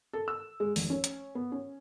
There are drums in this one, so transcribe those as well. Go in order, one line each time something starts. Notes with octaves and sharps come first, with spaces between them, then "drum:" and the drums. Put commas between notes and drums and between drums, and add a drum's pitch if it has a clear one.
A4
E6
G#3
F1, drum: open hi-hat
C#4
drum: hi-hat
B3
C#4